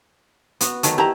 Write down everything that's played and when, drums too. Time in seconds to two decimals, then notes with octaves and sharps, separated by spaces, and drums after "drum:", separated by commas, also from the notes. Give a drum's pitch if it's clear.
0.61 B3 F#4, drum: hi-hat
0.83 D#3 F#3 A3, drum: hi-hat
0.98 E4 G4 A#5